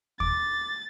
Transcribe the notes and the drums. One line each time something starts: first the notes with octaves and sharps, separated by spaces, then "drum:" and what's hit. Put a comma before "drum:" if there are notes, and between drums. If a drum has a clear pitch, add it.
D6 A6, drum: kick D#2